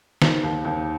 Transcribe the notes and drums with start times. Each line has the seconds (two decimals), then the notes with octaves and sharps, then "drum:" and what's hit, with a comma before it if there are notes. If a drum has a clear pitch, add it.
0.22 D#3 C5, drum: snare
0.43 D#2
0.65 D#2